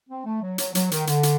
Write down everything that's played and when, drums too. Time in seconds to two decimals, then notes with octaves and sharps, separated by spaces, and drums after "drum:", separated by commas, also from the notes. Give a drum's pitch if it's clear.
0.10 C4
0.26 A3
0.42 F#3
0.58 F#3, drum: hi-hat
0.75 F#3, drum: hi-hat
0.92 D#3, drum: hi-hat
1.07 D3, drum: hi-hat
1.23 drum: hi-hat